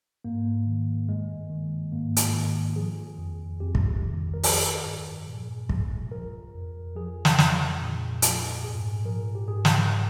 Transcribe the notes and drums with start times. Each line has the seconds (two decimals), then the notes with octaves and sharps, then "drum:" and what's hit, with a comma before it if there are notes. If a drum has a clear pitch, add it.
0.25 G#2 A#3
0.66 D#3
1.09 G2 G#3
1.50 D#3
1.92 G#2 A#3
2.16 drum: hi-hat
2.34 D#3
2.76 F3 G#4
3.18 F2
3.60 F2 G4
3.75 drum: kick
4.02 D#3
4.34 A#4
4.43 F3 G#4, drum: open hi-hat
4.86 G2
5.27 A#2
5.69 F3, drum: kick
6.11 F3 A#4
6.54 F2
6.96 F3 G#4
7.25 drum: snare
7.38 F2, drum: snare
7.79 A#2
8.22 F3, drum: hi-hat
8.63 G#2 G#4
9.05 F3 A#4
9.35 G4
9.48 G#2 G#4
9.65 drum: snare
9.89 F3